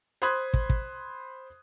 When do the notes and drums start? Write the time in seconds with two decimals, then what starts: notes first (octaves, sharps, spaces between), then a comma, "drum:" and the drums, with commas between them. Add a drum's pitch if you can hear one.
0.22 C5 B5 C6 D#6 F#6 G#6
0.54 drum: kick
0.69 drum: kick